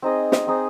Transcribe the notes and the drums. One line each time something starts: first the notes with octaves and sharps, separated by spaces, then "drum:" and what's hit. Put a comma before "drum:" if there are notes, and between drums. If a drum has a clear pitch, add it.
C4 D#4 G#4 D#5
drum: snare
C4 D#4 G#4 D#5